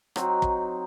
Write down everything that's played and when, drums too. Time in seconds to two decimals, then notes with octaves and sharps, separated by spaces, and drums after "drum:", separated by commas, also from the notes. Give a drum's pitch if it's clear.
0.16 F#3 C4 D#4, drum: rim click
0.42 drum: kick